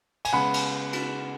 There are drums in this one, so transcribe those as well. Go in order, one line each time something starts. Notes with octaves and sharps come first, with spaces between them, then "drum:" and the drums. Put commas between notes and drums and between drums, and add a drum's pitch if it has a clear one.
G#5, drum: cymbal
C#3 G#3 B3 F#5 B5
drum: cymbal
drum: cymbal